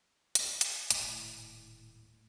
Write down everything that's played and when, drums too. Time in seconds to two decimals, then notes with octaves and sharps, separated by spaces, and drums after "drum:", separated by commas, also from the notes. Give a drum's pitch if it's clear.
0.35 drum: hi-hat
0.61 drum: hi-hat
0.90 D#1 G#1 A2, drum: hi-hat